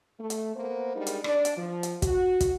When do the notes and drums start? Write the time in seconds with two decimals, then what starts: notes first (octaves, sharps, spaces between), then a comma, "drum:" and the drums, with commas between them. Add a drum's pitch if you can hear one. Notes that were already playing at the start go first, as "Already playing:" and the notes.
0.19 A3
0.30 drum: hi-hat
0.56 A#3 B3 A#4 C5
0.95 G3 G#3 D4 D#4 G#4 A#4
1.07 drum: hi-hat
1.24 D4 D5, drum: rim click
1.45 drum: hi-hat
1.57 F3
1.83 drum: hi-hat
2.02 F#4, drum: kick, hi-hat
2.40 drum: kick, hi-hat